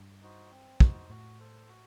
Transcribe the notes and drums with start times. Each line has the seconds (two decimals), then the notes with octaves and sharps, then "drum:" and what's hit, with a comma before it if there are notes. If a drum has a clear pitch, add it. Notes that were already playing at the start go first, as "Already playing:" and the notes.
Already playing: G2
0.22 D#4 F#4 C5
0.51 C4
0.80 D#4 F#4 C5, drum: kick
1.10 A2 F#4
1.40 A4 C5
1.69 F#4